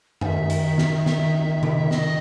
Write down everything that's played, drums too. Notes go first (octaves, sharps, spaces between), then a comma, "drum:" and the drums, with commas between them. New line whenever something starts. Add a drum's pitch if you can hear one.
D#3 E5 G#5, drum: tom
drum: hi-hat
drum: snare
drum: snare
drum: tom C3
D#3 D#5, drum: snare